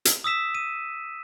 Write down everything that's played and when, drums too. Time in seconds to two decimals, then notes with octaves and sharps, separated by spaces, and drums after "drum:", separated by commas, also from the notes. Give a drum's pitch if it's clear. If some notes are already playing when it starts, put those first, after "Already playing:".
0.05 drum: hi-hat
0.24 D#6 E6 B6 E7
0.55 D#7